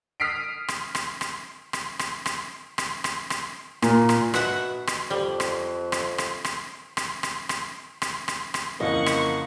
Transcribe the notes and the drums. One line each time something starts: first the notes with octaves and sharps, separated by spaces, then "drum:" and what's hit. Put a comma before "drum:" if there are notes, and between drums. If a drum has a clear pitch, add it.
D#6 F6 B6 C7 D7
drum: rim click
drum: rim click
drum: rim click
drum: rim click
drum: rim click
drum: rim click
drum: rim click
drum: rim click
drum: rim click
A#2, drum: rim click
drum: rim click
B2 F#4 E5 F#5, drum: rim click
drum: rim click
F2 G3
drum: rim click
drum: rim click
drum: rim click
drum: rim click
drum: rim click
drum: rim click
drum: rim click
drum: rim click
drum: rim click
drum: rim click
F2 C#3 E3 A#3 D#5 F#5 C#6
drum: rim click